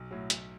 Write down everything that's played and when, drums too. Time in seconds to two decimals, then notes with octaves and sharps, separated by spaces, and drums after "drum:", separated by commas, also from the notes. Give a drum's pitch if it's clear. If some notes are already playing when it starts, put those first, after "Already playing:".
Already playing: B1
0.11 A2 F#3
0.30 B1, drum: hi-hat